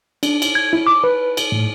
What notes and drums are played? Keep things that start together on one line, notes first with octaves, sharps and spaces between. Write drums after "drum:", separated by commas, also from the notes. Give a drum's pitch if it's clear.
D4, drum: cymbal
drum: cymbal
G#6
E4
D6
B4
drum: cymbal
A2